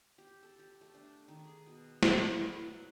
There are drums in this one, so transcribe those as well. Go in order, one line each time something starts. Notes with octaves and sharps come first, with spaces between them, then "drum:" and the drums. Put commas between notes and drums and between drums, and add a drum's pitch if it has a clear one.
G4
A4
G4
A3
D4
D#3
G#4
B2
B4, drum: snare
E4
B4
F#3